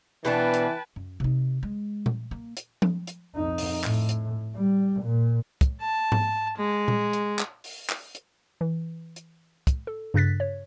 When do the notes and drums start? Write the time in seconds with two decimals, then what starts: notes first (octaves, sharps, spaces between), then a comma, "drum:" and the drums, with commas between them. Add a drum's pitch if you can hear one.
0.25 B2 E3 B3 D4 B4 G5 A5
0.54 drum: hi-hat
0.96 F#2
1.20 C3 D#4
1.63 G#3
2.06 drum: tom A#2
2.31 A#3
2.57 drum: hi-hat
2.82 drum: tom F3
3.07 drum: hi-hat
3.36 F2 D#4
3.58 drum: open hi-hat
3.84 A2, drum: clap
4.09 drum: hi-hat
4.56 G3
5.02 A#2
5.61 drum: kick, hi-hat
5.81 A5
6.12 drum: tom G#2
6.57 G#3
6.88 drum: tom A#2
7.13 drum: hi-hat
7.39 drum: clap
7.64 drum: open hi-hat
7.89 drum: clap
8.15 drum: hi-hat
8.61 E3
9.16 drum: hi-hat
9.67 drum: kick, hi-hat
9.87 A4
10.14 G2 C#3 F#6 A6 B6
10.40 C#5